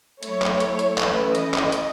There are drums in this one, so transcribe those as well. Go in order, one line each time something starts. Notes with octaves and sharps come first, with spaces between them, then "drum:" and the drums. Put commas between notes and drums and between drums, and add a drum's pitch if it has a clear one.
F#3 A3 E4 C#5, drum: hi-hat
drum: clap
drum: hi-hat
drum: hi-hat
E3 A3 C#4 E4 B4, drum: clap
D#5, drum: hi-hat
drum: clap
drum: hi-hat